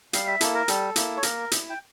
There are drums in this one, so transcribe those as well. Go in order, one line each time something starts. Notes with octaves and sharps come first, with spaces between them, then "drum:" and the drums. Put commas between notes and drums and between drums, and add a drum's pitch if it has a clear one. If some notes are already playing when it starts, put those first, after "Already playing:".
G3 F5, drum: hi-hat
E5
A#3 E4 A4, drum: hi-hat
A#4
G3 A4, drum: hi-hat
A#3 E4, drum: hi-hat
C#5
A#3 A#4, drum: hi-hat
E4, drum: hi-hat
G5